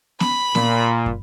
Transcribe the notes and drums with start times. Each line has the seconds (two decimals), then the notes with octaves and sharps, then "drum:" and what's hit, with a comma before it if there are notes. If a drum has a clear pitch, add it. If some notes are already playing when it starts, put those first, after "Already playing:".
0.20 B5, drum: snare B3
0.55 A#2, drum: snare B3
1.06 drum: kick